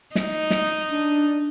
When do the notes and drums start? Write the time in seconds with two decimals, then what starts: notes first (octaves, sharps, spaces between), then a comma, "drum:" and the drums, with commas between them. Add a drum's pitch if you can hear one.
0.15 D#4, drum: snare
0.50 drum: snare
0.89 D4